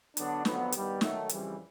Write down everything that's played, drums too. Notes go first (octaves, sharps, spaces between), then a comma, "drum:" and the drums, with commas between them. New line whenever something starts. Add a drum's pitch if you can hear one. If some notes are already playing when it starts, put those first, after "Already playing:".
D3 F#3 B3 D4, drum: hi-hat
F2 D3 F#3 B3, drum: snare
G2 D#3 G3 B3, drum: hi-hat
D#3 F#3 A3, drum: snare
F2 C#3 E3 G3 C4, drum: hi-hat